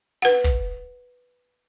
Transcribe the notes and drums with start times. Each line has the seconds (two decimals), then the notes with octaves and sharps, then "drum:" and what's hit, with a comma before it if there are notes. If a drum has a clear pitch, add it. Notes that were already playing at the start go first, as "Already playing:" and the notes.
0.22 B4 F#5, drum: snare
0.44 drum: kick